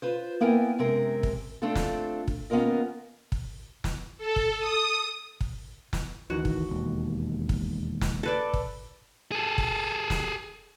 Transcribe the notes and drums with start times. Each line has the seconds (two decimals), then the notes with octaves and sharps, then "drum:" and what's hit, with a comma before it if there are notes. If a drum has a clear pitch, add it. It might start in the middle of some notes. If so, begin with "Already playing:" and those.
0.02 F4 B4 C5
0.40 A#3 B3 E4 A#4 G5 G#5
0.78 F#2 C3 G#3 C4 A#4
1.23 drum: kick
1.62 A3 C4 D4 F4 A4
1.75 drum: snare
2.28 drum: kick
2.50 D#2 B3 C#4 F4 A#4 D#5
3.32 drum: kick
3.84 drum: snare
4.18 A4
4.36 drum: kick
4.59 D#6
5.41 drum: kick
5.93 drum: snare
6.30 D2 D#3 E3 F#4
6.45 drum: kick
6.69 E1 D#2
7.49 drum: kick
8.01 drum: snare
8.23 A4 B4 D5
8.54 drum: kick
9.32 G#4 A4
9.58 drum: kick
10.10 drum: snare